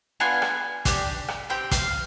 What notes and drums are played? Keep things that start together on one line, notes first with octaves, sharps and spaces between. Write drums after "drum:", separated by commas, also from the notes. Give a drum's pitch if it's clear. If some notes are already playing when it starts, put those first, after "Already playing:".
B3 D4 F4 G#5
drum: rim click
D4 G4, drum: kick, hi-hat
drum: rim click
C4 G4 G5
F5, drum: kick, hi-hat